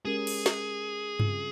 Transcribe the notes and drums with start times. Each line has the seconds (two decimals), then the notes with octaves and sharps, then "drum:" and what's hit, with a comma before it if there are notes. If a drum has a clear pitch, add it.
0.05 G#3 C#4 G4 G#4 A#4
0.27 drum: cymbal
0.46 drum: snare
1.20 C#3 G3 C4 F4, drum: tom G2